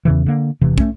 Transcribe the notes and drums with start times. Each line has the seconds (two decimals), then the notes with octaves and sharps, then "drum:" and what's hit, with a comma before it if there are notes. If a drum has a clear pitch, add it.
0.05 E2 C#3 E3
0.26 D3 A#3
0.61 E1 C3 E3
0.78 A3 C#4, drum: kick